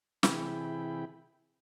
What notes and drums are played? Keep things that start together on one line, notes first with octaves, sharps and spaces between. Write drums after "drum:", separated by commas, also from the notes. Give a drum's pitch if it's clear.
C3 E3 E4 G#4 G5 B5, drum: snare